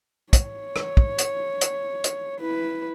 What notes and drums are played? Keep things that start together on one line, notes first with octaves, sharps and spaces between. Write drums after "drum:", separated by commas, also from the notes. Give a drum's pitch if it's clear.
C#5, drum: kick, hi-hat
drum: rim click
drum: kick
drum: hi-hat
drum: hi-hat
drum: hi-hat
E4 B4